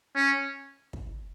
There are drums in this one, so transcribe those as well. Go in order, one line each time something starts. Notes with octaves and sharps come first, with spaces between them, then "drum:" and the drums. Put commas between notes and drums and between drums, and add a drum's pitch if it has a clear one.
C#4
drum: kick